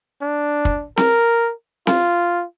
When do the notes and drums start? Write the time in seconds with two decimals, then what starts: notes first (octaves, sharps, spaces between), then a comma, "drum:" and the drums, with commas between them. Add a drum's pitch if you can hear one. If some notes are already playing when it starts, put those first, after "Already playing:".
0.22 D4
0.65 drum: kick
0.97 A#4, drum: snare C4
1.87 F4, drum: snare C4